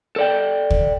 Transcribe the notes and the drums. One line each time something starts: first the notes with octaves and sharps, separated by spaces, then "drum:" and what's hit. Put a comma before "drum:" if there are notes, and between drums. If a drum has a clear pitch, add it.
A4 D5 G5
drum: kick